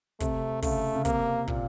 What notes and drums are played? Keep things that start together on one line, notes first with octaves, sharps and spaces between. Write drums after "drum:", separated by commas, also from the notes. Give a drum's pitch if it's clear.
C3 A3, drum: kick, hi-hat
C#3 A3, drum: kick, open hi-hat
C#3
C3 A#3, drum: kick, hi-hat
A#2, drum: kick